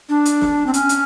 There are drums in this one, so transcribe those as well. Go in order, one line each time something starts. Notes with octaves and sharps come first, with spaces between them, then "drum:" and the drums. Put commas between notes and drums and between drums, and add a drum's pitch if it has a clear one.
D4
drum: hi-hat
drum: snare
C4
C#4, drum: hi-hat
drum: hi-hat